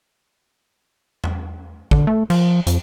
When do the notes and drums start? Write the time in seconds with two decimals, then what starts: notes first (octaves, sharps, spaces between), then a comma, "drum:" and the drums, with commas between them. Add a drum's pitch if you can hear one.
1.24 drum: tom E2
1.91 D3, drum: kick
2.07 A3
2.30 F3, drum: cymbal
2.67 F2, drum: hi-hat